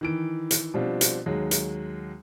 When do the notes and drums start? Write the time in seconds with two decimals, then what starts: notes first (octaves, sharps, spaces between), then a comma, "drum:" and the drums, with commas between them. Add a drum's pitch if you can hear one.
0.01 D#3 E3 D7
0.51 drum: hi-hat
0.74 B2 F3 G3 C4 D4 F4
1.01 drum: hi-hat
1.26 D#2 F#3 G#3
1.51 drum: hi-hat